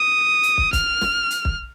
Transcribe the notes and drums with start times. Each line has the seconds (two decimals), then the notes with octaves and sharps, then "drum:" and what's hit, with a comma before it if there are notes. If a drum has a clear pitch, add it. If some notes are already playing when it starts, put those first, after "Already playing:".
Already playing: D#6
0.43 drum: hi-hat
0.58 drum: kick
0.73 F6, drum: kick, hi-hat
1.01 drum: snare
1.30 drum: hi-hat
1.45 drum: kick